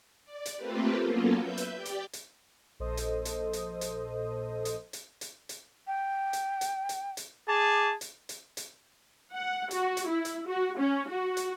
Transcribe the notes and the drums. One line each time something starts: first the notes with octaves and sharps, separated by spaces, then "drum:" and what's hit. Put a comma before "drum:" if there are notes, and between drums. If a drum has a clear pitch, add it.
D5
drum: hi-hat
A3 A#3 C4 F4 G4 B4
F#3 A#3 B3 C#4 F4 A4
B4 E5 G6
drum: hi-hat
G4 D5 G5
drum: hi-hat
drum: hi-hat
A#1 A4 C5 D#5 D#6
drum: hi-hat
drum: hi-hat
drum: hi-hat
drum: hi-hat
drum: hi-hat
drum: hi-hat
drum: hi-hat
drum: hi-hat
G5
drum: hi-hat
drum: hi-hat
drum: hi-hat
drum: hi-hat
G#4 A5 D6
drum: hi-hat
drum: hi-hat
drum: hi-hat
F#5
F#4, drum: hi-hat
drum: hi-hat
E4
drum: hi-hat
F#4
C#4
F#4
drum: hi-hat